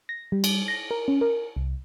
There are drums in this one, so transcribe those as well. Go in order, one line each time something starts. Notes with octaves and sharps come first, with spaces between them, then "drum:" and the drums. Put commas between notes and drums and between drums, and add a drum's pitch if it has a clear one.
A#6
G3
drum: cymbal
A#6
A#4
C#4
A#4
C2